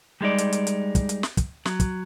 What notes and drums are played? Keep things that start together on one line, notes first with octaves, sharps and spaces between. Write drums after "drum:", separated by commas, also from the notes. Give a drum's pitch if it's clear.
G3 G#3 D#4 D5
drum: hi-hat
drum: hi-hat
drum: hi-hat
drum: kick, hi-hat
drum: hi-hat
drum: snare
drum: kick, hi-hat
F#3, drum: snare
drum: kick, hi-hat